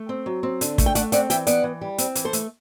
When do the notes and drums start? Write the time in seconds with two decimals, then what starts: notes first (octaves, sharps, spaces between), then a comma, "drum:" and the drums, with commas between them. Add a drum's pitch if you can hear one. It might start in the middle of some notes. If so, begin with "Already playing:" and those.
Already playing: A3
0.09 C4
0.26 F#3
0.43 C4
0.61 D3, drum: hi-hat
0.78 A3, drum: kick, hi-hat
0.86 G5
0.95 A3 D5 F#5, drum: hi-hat
1.12 C4 D5 F#5, drum: hi-hat
1.30 E3 E5 G5, drum: hi-hat
1.47 B3 D5 F#5, drum: hi-hat
1.64 E3
1.81 G3
1.98 C4, drum: hi-hat
2.15 E3, drum: hi-hat
2.25 A4 C5
2.33 A3, drum: hi-hat